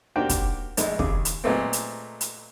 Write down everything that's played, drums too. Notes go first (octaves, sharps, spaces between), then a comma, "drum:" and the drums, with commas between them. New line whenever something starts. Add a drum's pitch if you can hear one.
A#3 D4 F#4 G4 C5 G5
drum: kick, hi-hat
A#1 G#3 A3, drum: hi-hat
D#2 C#3 G#4 D6, drum: kick
drum: hi-hat
A#2 F#3 G#3 A3 B3 C4
drum: hi-hat
drum: hi-hat